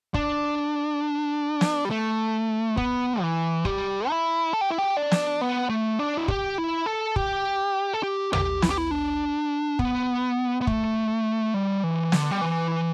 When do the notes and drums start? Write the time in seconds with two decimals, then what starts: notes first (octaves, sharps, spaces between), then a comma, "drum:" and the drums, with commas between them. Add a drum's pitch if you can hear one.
0.14 D4, drum: kick
1.61 drum: snare
1.85 G3
1.91 A3
2.77 B3, drum: kick
3.21 E3
3.65 G3, drum: kick
4.09 E4
4.53 A4
4.61 G4
4.70 E4
4.78 G4
4.97 D4
5.11 drum: snare
5.41 B3
5.69 A3
5.99 D4
6.17 E4
6.28 G4, drum: kick
6.58 E4
6.86 A4
7.16 G4, drum: kick
7.93 A4
8.03 G4
8.33 G4, drum: tom
8.62 E4, drum: snare
8.70 G4
8.78 E4
8.91 D4
9.79 B3, drum: kick
10.61 B3
10.67 A3, drum: kick
11.54 G3
11.84 E3
12.12 D3, drum: snare
12.31 G3
12.41 E3